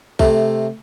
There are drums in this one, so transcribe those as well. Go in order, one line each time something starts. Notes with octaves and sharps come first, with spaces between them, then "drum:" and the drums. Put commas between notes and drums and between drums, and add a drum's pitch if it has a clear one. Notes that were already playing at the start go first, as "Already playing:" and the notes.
C3 A3, drum: kick B1